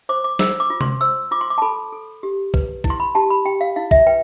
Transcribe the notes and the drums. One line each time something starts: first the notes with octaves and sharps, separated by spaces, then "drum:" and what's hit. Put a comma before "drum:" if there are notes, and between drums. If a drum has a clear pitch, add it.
C5 D6
D6
C5 E6, drum: snare
D6
F4
C6, drum: tom C3
C5 E6
F4 D6
C6
D6
A5
A4 B5
A4
G4
B4, drum: kick
E4, drum: kick
C6
B5
G4 A5
B5
G4 G5
F5
E4 F5
E5, drum: kick
B4 G5